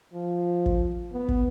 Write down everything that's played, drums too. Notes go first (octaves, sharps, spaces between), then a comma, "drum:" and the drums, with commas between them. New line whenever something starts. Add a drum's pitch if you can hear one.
F3
drum: kick
B3
drum: kick